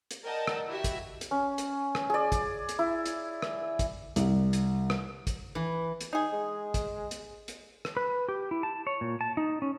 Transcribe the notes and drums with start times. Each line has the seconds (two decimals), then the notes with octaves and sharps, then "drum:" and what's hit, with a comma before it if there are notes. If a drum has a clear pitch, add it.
0.11 drum: hi-hat
0.24 A#4 D5 D#5 F#5 G5 A5
0.47 drum: rim click
0.67 E4 F#4 G4 E5
0.84 drum: kick, hi-hat
1.21 drum: hi-hat
1.31 C#4
1.58 drum: hi-hat
1.95 drum: rim click
2.10 G#4 D5
2.32 drum: kick, hi-hat
2.69 drum: hi-hat
2.79 E4
3.06 drum: hi-hat
3.42 drum: rim click
3.79 drum: kick, hi-hat
4.16 C2, drum: hi-hat
4.53 drum: hi-hat
4.90 drum: rim click
5.27 drum: kick, hi-hat
5.55 E3
6.01 drum: hi-hat
6.13 D#4 G#4
6.33 G#3
6.74 drum: kick, hi-hat
7.11 drum: hi-hat
7.48 drum: hi-hat
7.85 drum: rim click
7.97 B4
8.28 G4
8.51 E4
8.63 A5
8.87 C#5
9.01 A#2
9.21 A5
9.37 D#4
9.62 C#4